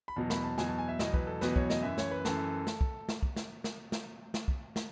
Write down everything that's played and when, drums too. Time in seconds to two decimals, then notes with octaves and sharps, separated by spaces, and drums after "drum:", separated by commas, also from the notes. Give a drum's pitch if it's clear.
0.08 B5
0.16 E2 B2 F#3 A5
0.30 B5, drum: snare
0.44 A5
0.58 E2 B2 F#3 G#5, drum: snare
0.68 A5
0.78 G#5
0.88 E5
0.99 E2 B2 F#3 D#5, drum: snare
1.14 B4, drum: kick
1.27 A4
1.41 E2 B2 F#3 B4, drum: snare
1.56 C#5, drum: kick
1.70 D#5, drum: snare
1.83 F#2 E3 E5
1.98 C#5, drum: snare
2.11 B4
2.25 F#2 E3 A4, drum: snare
2.67 drum: snare
2.81 drum: kick
3.09 drum: snare
3.23 drum: kick
3.36 drum: snare
3.64 drum: snare
3.92 drum: snare
4.34 drum: snare
4.48 drum: kick
4.76 drum: snare